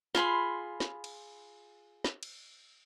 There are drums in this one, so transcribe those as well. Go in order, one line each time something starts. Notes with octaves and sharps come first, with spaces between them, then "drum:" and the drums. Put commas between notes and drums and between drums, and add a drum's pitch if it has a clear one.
F4 G#4 B5 C6, drum: snare
drum: snare
drum: cymbal
drum: snare
drum: cymbal